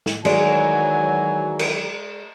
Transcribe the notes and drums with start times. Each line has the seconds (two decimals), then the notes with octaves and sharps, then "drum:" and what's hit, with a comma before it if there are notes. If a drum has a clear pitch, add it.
0.06 drum: snare
0.25 D#3 E3 F#3 G#3 D5 G#5, drum: cymbal
1.59 drum: cymbal